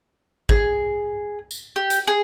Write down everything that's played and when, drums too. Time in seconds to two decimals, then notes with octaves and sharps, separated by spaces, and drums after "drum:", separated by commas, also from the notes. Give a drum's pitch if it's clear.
0.49 G#4, drum: kick G#1
1.51 drum: tambourine
1.76 G4
1.90 drum: hi-hat
2.07 G#4